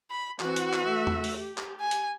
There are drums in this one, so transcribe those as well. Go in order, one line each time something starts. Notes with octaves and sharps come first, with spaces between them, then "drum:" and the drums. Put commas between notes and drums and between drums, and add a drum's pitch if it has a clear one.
B5
E3 C4 F#4 F#5, drum: clap
drum: hi-hat
drum: clap
A3 E5
drum: tom E2
drum: open hi-hat
G4
drum: clap
G#5
drum: hi-hat